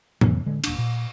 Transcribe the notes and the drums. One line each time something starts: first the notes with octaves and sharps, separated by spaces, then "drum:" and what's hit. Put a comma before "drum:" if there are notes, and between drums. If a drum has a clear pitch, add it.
F2 C3 E3 F#3, drum: tom A2
D3 G#3
D#1 D4, drum: cymbal
A#2